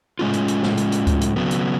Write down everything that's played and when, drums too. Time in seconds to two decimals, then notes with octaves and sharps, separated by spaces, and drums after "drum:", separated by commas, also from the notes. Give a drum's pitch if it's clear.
0.19 A2 G#3 C#4 F4
0.34 drum: hi-hat
0.48 drum: hi-hat
0.63 drum: snare
0.78 drum: hi-hat
0.92 drum: hi-hat
1.07 drum: kick C#2, hi-hat
1.22 drum: hi-hat
1.36 C#3 F#3 B3
1.51 drum: hi-hat